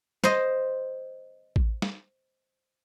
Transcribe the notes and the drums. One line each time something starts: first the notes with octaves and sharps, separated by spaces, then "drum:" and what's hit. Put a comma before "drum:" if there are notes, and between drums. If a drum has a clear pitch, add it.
C5 D#5, drum: snare
drum: kick A1
drum: snare